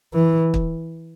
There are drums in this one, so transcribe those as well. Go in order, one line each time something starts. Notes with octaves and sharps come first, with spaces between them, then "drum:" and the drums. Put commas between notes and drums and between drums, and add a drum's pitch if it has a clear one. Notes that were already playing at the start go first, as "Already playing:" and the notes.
E3
drum: kick